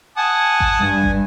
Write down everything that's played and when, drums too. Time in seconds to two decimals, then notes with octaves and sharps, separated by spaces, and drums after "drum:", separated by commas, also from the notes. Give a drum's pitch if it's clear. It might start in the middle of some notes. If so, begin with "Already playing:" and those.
0.17 F#5 G#5 A5 D#6
0.60 drum: kick G#1
0.81 G2
1.03 drum: kick G#1